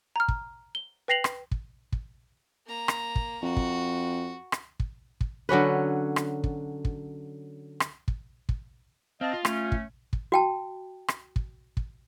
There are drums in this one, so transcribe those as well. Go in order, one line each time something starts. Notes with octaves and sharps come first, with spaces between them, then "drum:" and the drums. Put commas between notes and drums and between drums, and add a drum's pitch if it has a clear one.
A#5 F6
drum: kick
G7
B4 G5 A#6 C7 F7 F#7
drum: rim click
drum: kick
drum: kick
A#3 A#5
drum: rim click
drum: kick
F2 F#4
drum: kick
drum: rim click
drum: kick
drum: kick
D3 F#3 C#4 B4
drum: rim click
drum: kick
drum: kick
drum: rim click
drum: kick
drum: kick
C4 D#5 F5 A5
F4
A3 C#4, drum: rim click
drum: kick
drum: kick
F#4 G5 A5
drum: rim click
drum: kick
drum: kick